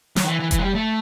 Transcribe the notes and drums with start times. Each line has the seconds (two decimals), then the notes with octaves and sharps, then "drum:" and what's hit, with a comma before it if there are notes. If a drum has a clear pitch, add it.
0.16 F#3, drum: snare
0.24 D#3
0.28 E3
0.40 E3
0.51 E3, drum: kick F1, hi-hat
0.59 G#3
0.63 G3
0.75 A3